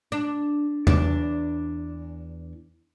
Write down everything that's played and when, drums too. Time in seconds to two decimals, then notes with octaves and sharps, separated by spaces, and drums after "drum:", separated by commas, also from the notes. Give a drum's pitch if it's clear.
0.12 D4
0.87 E2 D4 D5, drum: tom E2